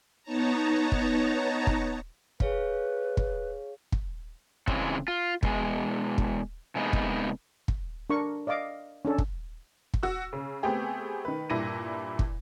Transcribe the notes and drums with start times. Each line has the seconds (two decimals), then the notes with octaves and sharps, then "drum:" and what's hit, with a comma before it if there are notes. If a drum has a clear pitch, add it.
0.23 B3 D#4 C#5 A5 A#5
0.92 drum: kick
1.67 drum: kick
2.40 G#4 B4 C#5 F5, drum: kick
3.17 drum: kick
3.92 drum: kick
4.68 C#3 E3 G#3 C4, drum: kick
5.08 F4
5.43 B2 G#3, drum: kick
6.18 drum: kick
6.76 C3 G#3 A#3 B3 D#4
6.93 drum: kick
7.68 drum: kick
8.10 D4 A#4 C#6
8.47 D5 D#5 F5 D6
9.05 C#4 D4 A4
9.18 drum: kick
9.94 drum: kick
10.03 F#4 E6
10.33 C#3
10.63 A3 B3 C4 G4 G#4
11.25 D#3 B4
11.50 G2 A#2 E4 A#6 D#7
12.19 drum: kick